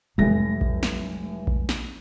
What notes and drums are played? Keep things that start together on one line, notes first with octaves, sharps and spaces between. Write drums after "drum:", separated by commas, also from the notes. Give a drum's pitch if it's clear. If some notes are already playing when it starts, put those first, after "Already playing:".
F1 C2 A2 F#3 G#3 A4 G#5 A#6
drum: kick A#1
drum: snare
drum: kick A#1
drum: snare